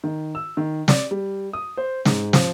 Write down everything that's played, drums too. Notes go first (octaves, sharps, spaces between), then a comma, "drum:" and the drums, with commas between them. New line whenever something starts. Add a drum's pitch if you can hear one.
D#3
E6
D#3
D5, drum: snare
G3
D#6
C5
G#2, drum: snare
F3, drum: snare